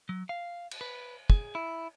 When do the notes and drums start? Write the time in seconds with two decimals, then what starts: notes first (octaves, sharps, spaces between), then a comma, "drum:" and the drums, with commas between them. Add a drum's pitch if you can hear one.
0.09 F#3
0.29 F5
0.71 drum: cymbal
0.81 B4
1.30 G#4, drum: kick
1.55 E4